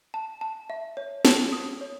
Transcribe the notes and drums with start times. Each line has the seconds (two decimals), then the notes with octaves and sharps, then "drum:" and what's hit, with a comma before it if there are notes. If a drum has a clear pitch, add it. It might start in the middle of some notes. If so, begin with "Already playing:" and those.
0.14 A5
0.41 A5
0.70 E5
0.97 C#5
1.25 A5, drum: snare
1.53 D#6
1.81 C#5